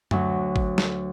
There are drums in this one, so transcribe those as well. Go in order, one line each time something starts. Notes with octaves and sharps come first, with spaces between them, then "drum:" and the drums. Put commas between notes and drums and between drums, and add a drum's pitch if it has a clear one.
D2 F#3, drum: tom F#2
drum: kick G#1
drum: snare